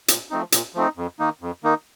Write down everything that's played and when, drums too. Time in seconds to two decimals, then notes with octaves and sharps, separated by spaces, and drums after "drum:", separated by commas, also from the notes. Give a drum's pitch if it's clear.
0.08 A#2, drum: hi-hat
0.30 F3 A3 C4 D#4
0.52 A#2, drum: hi-hat
0.75 F3 A3 C4 D#4
0.97 F2
1.19 D#3 A#3 D#4
1.41 F2
1.64 D#3 A#3 D#4